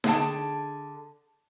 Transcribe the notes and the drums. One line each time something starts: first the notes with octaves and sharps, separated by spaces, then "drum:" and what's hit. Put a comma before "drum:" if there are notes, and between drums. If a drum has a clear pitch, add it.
D3 G#4 B4 F5 G5 A5, drum: snare D#4